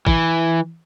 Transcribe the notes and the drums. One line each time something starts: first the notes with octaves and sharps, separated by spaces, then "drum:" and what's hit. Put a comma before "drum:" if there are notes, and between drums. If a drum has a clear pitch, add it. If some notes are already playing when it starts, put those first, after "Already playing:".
E3, drum: kick